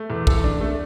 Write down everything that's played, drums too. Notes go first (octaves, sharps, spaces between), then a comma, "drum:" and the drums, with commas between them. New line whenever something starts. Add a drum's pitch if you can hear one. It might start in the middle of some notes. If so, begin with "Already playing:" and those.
Already playing: A3
E2
A4, drum: kick
D4
A3